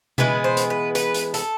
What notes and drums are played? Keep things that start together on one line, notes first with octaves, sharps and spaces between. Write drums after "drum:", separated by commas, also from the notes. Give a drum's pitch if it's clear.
E3 G#3 B3 B4, drum: tom B2
C5
drum: hi-hat
B4
B4, drum: hi-hat
drum: hi-hat
A4, drum: hi-hat